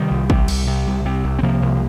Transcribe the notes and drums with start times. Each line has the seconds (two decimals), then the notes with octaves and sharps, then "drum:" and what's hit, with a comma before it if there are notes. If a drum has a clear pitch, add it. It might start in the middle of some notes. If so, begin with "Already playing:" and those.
Already playing: C3 D#3 G3
0.11 C2
0.30 C3, drum: kick
0.48 C2, drum: cymbal
0.67 C3
0.87 C2
1.05 C3
1.24 C2
1.39 C4
1.43 C3 F3 A#3
1.62 C2